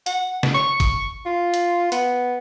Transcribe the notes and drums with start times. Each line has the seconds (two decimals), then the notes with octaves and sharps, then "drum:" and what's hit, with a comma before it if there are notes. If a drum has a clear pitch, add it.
0.06 F#5, drum: hi-hat
0.43 drum: snare
0.55 C#6
0.80 drum: kick, hi-hat
1.26 F4
1.54 drum: hi-hat
1.92 B3, drum: hi-hat